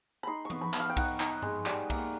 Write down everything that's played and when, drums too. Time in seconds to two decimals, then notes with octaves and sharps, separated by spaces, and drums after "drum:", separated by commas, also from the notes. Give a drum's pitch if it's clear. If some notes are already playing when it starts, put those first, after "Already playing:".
0.23 D#4 B5 C6
0.45 C#6
0.50 B3, drum: tom E3
0.61 B5
0.73 B3, drum: clap
0.80 F5
0.89 G5
0.97 D#4 F#5, drum: kick B1, cymbal
1.20 D#4, drum: clap
1.42 G#3, drum: tom G2
1.66 G3, drum: clap
1.90 A#3, drum: kick B1, cymbal